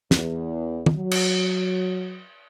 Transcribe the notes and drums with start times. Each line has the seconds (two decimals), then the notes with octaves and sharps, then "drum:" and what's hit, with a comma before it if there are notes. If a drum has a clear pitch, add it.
0.11 E2, drum: snare
0.86 drum: tom
0.96 F#3
1.11 drum: cymbal